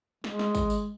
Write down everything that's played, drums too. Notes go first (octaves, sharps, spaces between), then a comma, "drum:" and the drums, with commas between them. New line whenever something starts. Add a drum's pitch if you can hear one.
G#3, drum: snare
drum: snare
drum: kick, tambourine
drum: tambourine